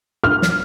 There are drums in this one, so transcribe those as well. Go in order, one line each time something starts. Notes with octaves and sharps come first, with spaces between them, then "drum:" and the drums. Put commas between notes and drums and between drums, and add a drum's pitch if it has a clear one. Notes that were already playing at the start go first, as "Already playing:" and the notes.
F6
drum: snare